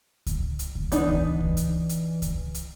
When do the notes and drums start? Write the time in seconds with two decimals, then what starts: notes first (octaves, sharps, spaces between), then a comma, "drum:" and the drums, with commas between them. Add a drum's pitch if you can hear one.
0.26 drum: kick C#2, hi-hat
0.59 drum: hi-hat
0.75 drum: kick C#2
0.92 E3 B3 D4 D#4, drum: hi-hat
1.08 drum: kick C#2
1.40 drum: kick C#2
1.57 drum: hi-hat
1.89 drum: hi-hat
2.22 drum: kick C#2, hi-hat
2.54 drum: hi-hat